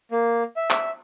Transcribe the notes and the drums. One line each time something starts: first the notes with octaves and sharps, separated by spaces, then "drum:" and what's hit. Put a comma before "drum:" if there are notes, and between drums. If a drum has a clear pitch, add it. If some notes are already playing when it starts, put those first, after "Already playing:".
A#3
E5
drum: clap